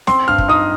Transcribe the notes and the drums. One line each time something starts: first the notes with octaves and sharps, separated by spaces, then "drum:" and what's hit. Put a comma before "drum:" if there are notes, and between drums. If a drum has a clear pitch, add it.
C4 C6, drum: snare
G2 F6
drum: kick
D#4 D#6